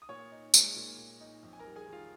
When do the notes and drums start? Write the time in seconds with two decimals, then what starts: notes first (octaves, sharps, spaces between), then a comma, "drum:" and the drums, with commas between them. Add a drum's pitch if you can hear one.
0.02 D#6
0.09 A#2 C#5 C#6
0.32 D#4
0.54 G#3, drum: tambourine
0.76 A#2
0.98 A#2
1.21 D#4
1.43 F2
1.53 G#5
1.59 A#4 A#5
1.66 G3
1.76 G#4 G#5
1.87 D#3
1.93 F4 F5